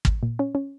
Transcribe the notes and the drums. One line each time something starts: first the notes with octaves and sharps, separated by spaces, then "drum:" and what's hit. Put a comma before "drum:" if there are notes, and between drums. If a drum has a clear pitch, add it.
drum: kick
A#2
C#4
C#4